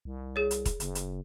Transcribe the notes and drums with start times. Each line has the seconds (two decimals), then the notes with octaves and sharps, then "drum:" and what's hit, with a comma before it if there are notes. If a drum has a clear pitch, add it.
0.05 C2
0.36 G#4 C#5
0.51 drum: hi-hat
0.65 drum: kick E1, hi-hat
0.80 F#1, drum: hi-hat
0.95 drum: hi-hat